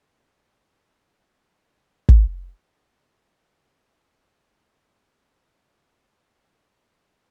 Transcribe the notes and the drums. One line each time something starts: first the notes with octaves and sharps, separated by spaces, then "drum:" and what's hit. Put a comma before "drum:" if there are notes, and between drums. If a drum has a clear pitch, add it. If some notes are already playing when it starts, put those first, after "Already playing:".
Already playing: E3 A3
G4 A#4
A4 C#5
A4 C#5
E3 G3 A#3 C#4
drum: kick
A#4 D5
A4 C#5
F4
F4
D3 F3 A#3 F4 A4
A4 C#5
A#4 D5
A#4 D5
A4 C#5
G4 A#4
A4
G4
F4 A4
A2 E3 G3 E4 G4
E4
F4
E4 G4
F4
F4
E4 G4
A#4
F4 A4